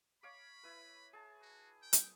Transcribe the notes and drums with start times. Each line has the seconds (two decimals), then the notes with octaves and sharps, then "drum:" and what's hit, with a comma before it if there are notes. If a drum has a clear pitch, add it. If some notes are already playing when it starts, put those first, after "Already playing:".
0.23 C#5 F5 B5 D6
0.63 E4 B4
1.13 G#4 A5
1.42 F#4
1.82 G5
1.93 drum: hi-hat